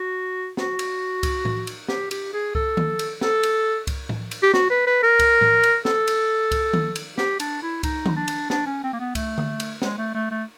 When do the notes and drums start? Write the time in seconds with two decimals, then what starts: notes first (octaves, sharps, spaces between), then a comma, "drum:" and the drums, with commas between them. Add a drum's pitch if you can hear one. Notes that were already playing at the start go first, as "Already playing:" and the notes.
Already playing: F#4
0.57 F#4, drum: snare
0.79 drum: cymbal
1.23 drum: kick C2, cymbal
1.45 drum: tom A2
1.67 drum: cymbal
1.88 G4, drum: snare
2.11 G4, drum: cymbal
2.33 G#4
2.55 A4, drum: kick C2
2.77 drum: tom D#3
2.99 drum: cymbal
3.21 A4, drum: snare
3.43 drum: cymbal
3.87 drum: kick C2, cymbal
4.09 drum: tom A2
4.31 drum: cymbal
4.43 G4
4.54 F#4, drum: snare
4.70 B4
4.87 B4
5.03 A#4
5.19 drum: kick C2, cymbal
5.41 drum: tom A2
5.63 drum: cymbal
5.85 A4, drum: snare
6.07 drum: cymbal
6.51 drum: kick C2, cymbal
6.73 drum: tom D#3
6.96 drum: cymbal
7.18 G4, drum: snare
7.40 D4, drum: cymbal
7.62 E4
7.83 D#4, drum: kick C2, cymbal
8.06 drum: tom D#3
8.16 D4
8.28 drum: cymbal
8.50 D4, drum: snare
8.66 C#4
8.83 C4
8.93 A#3
8.99 B3
9.15 A3, drum: kick C2, cymbal
9.38 drum: tom D3
9.60 drum: cymbal
9.82 G#3, drum: snare
9.98 A3
10.14 A3
10.31 A3